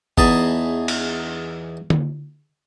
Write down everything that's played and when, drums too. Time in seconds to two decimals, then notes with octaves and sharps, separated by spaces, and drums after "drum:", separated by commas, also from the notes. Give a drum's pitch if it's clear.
0.18 E2 D#4 G#4 A5, drum: kick G1
0.88 drum: cymbal
1.90 drum: tom D3